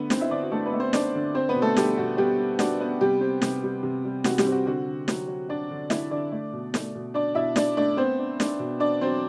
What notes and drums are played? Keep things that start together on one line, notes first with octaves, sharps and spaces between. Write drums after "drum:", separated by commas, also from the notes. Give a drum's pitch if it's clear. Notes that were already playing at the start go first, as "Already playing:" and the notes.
Already playing: D3 A3 B3 B4
D3 C4 C5, drum: snare
E4 E5
D3 D4 D5
F#4
D3 A3 A4
B3 B4
A3
C4 C5
A3 D4 D5, drum: snare
D3
C4 D4 C5
B3 B4
B2
A3 A4
G3 D4 G4, drum: snare
B2 F#4
G3 B3 G4
G3
D4 F#4, drum: snare
B3
C3 G3 G4
C4
C3, drum: snare
G3
C3
G3
C3 F#4, drum: snare
G3 G4, drum: snare
C4
F#4
D3 F#4
D3
F#3, drum: snare
F#3
F#3 D4 D5
D3
D3 E4 E5, drum: snare
D3 D4 D5
A3
B2
A3, drum: snare
B2
D4 D5
B2 E4 E5
D4 D5, drum: snare
A3 D4 D5
B3 C4 C5
D4
D4, drum: snare
B2
D4 D5
F#3 C4 C5